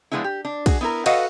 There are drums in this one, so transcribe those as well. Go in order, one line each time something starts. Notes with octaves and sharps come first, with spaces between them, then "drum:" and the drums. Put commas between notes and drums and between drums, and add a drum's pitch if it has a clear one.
F3 F#3 G#3 B3 D4 E4
G4
D4
F#4 G#4, drum: kick, cymbal
B3 E4 A#4
F#4 A4 B4 D#5 F5 F#5, drum: cymbal